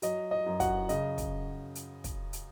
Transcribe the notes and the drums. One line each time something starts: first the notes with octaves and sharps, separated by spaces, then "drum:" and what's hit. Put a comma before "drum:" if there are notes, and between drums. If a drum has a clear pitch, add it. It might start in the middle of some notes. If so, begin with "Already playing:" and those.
F#3 D#5, drum: hi-hat
D#5
F#2
F#4 F#5, drum: kick, hi-hat
C#3 D#5, drum: hi-hat
drum: kick, hi-hat
drum: hi-hat
drum: kick, hi-hat
drum: hi-hat